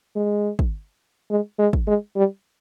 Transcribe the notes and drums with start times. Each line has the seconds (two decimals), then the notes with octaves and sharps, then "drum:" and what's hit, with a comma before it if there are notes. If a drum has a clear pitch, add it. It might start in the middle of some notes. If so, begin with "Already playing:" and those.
0.16 G#3
0.59 drum: kick
1.30 G#3
1.59 G#3
1.73 drum: kick
1.87 G#3
2.16 G3